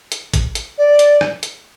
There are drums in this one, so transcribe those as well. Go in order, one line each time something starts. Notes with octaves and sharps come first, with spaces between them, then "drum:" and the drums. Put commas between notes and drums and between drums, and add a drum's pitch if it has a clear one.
drum: hi-hat
drum: kick G#1, hi-hat
drum: hi-hat
D5
drum: hi-hat
drum: rim click
drum: hi-hat